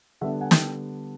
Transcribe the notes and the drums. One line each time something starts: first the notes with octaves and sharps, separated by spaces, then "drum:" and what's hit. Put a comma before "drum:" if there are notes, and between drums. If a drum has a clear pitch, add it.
D3 G3 B3 D4 E5 F#5
F#5 G#5
G5 A5, drum: snare